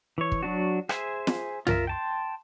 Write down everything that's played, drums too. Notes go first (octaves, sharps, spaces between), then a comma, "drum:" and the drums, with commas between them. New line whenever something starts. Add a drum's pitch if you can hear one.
E3 C#5
drum: kick
F#3 D4 F#4
G#4 C5 E5 G#5, drum: rim click
drum: snare
F4 A#4 E5, drum: tom
G5 A5 C6